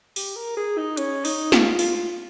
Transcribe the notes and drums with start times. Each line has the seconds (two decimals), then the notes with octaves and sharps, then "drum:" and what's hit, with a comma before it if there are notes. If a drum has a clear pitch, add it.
0.16 G4, drum: open hi-hat
0.36 A#4
0.57 G#4
0.78 D#4
0.97 C#4, drum: hi-hat
1.25 D#4, drum: open hi-hat
1.52 F4, drum: snare
1.79 F4, drum: open hi-hat